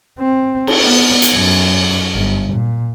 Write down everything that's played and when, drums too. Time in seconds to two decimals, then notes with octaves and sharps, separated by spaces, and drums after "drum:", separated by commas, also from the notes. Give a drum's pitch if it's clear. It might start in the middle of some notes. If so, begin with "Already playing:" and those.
0.19 C4
0.67 drum: cymbal
0.83 B3
1.22 drum: hi-hat
1.34 F#2
2.15 G1
2.53 A#2